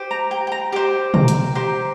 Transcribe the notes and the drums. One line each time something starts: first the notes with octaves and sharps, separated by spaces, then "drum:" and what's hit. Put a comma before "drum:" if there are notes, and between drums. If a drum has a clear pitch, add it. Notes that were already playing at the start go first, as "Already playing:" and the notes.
Already playing: G4 C5
A#5
G5
G5
A#5
G4 C5 G5
A#5, drum: tom
drum: hi-hat
G4 C5 A#5